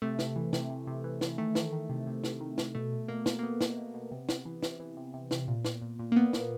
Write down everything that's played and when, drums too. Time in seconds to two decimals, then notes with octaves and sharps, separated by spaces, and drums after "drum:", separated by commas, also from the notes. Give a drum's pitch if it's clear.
0.02 C3 A3
0.19 C3, drum: snare
0.36 E3
0.53 C3, drum: snare
0.70 C3
0.87 C3
1.04 E3
1.21 E3, drum: snare
1.38 D#3 A3
1.55 D#3, drum: snare
1.72 D#3
1.89 C3
2.07 C3
2.24 C3, drum: snare
2.40 D#3
2.58 C3, drum: snare
2.75 B2 A3
2.92 B2
3.08 B2 A#3
3.26 B2, drum: snare
3.39 A#3
3.43 B2 B3
3.61 B2, drum: snare
3.78 B2
3.94 B2
4.12 C3
4.29 C3, drum: snare
4.45 E3
4.63 C3, drum: snare
4.80 E3
4.97 C3
5.14 C3
5.31 C3, drum: snare
5.48 A#2
5.65 A#2, drum: snare
5.82 A#2
5.99 A#2
6.12 A#3
6.16 A#2 B3
6.33 A#2, drum: snare